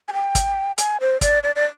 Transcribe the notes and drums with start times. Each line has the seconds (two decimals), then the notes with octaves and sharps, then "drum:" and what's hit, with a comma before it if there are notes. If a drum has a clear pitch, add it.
0.08 G#5
0.13 G5
0.35 drum: kick, hi-hat
0.78 G#5, drum: hi-hat
1.01 C5
1.21 D5, drum: kick, hi-hat
1.43 D5
1.56 D5